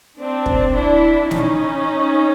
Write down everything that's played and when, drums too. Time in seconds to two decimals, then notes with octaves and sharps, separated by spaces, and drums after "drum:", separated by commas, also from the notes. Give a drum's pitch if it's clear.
0.19 C4 D4
0.46 drum: kick
0.74 D4 E4
1.31 C#4 D#4, drum: snare